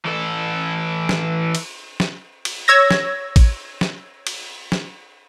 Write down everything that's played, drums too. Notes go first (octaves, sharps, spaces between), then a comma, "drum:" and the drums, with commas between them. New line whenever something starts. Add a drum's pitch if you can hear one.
E3 A4
drum: snare
drum: cymbal
drum: snare
drum: cymbal
C#5 E6 G#6 A#6
drum: snare
drum: kick, cymbal
drum: snare
drum: cymbal
drum: snare